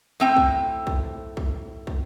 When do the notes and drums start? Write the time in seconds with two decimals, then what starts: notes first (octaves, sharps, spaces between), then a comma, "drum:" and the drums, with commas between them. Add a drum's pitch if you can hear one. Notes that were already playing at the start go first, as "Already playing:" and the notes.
0.20 A2 C4 G5
0.37 drum: kick
0.87 drum: kick
1.37 drum: kick
1.87 drum: kick